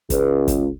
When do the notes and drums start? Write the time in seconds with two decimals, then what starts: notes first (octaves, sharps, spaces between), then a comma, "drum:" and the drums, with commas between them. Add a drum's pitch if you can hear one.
0.10 C#2, drum: kick, hi-hat
0.48 drum: kick, hi-hat